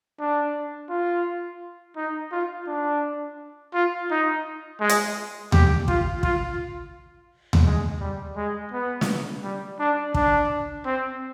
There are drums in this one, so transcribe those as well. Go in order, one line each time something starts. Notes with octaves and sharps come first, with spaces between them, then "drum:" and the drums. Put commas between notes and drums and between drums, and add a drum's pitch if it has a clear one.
D4
F4
D#4
F4
D4
F4
D#4
G#3
drum: hi-hat
G4, drum: tom D#2
F4, drum: kick
F4, drum: kick
drum: tom D#2
G#3
G3
G#3
B3
drum: snare
G3
D4
D4, drum: kick
C4